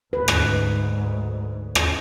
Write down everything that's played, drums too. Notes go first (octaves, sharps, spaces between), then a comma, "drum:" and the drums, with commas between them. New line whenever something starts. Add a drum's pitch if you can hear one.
D2 G#2 B4
drum: rim click
drum: rim click